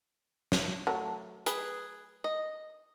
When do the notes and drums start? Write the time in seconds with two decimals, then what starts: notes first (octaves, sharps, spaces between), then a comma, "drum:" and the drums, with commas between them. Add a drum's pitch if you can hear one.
0.52 drum: snare
0.87 F#3 A3
1.46 G#4 B4, drum: hi-hat
2.24 D#5